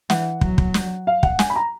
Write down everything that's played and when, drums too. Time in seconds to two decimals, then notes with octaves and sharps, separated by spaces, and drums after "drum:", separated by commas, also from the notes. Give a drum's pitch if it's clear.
0.10 E3 F#5, drum: snare
0.41 F#3, drum: kick
0.58 drum: kick
0.74 drum: snare
1.07 F5
1.23 F#5, drum: kick
1.39 G#5, drum: snare
1.50 B5
1.56 A#5